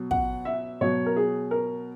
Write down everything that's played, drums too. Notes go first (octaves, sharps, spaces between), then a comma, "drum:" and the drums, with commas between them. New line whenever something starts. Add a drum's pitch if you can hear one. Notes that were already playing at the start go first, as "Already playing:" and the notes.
Already playing: B2 F#3
F#5, drum: kick
E5
B2 F#3 C#5
A#4
G#4
A#4